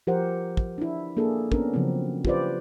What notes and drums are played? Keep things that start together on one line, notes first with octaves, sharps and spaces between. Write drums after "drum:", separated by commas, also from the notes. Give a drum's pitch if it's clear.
F3 G4 A#4 C5 F#5
drum: kick
D4 E4
A#3 D4 G#4 A4
B3 C#4 D4 A#4, drum: kick
C#3 F3 F#3 C4
F4 G4 B4 C5 D5, drum: kick